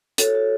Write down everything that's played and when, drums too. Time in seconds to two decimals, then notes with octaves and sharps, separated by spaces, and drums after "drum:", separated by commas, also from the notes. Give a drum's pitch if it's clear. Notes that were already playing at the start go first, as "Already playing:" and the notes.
0.18 F#4 A4 C#5, drum: hi-hat
0.35 F#4